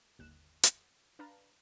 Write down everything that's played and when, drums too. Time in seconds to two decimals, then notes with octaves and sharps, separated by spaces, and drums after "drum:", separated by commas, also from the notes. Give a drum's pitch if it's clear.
0.19 G1 D#2 F#6 E7
0.63 drum: hi-hat
1.19 D4 B4 F5 A5 A#5